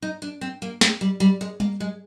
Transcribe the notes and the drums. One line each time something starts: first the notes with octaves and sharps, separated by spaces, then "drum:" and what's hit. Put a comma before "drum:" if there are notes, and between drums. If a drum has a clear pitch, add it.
D#4
D4
C4
A#3
C4, drum: snare
G3
G3
G#3
A#3, drum: tom G3
G#3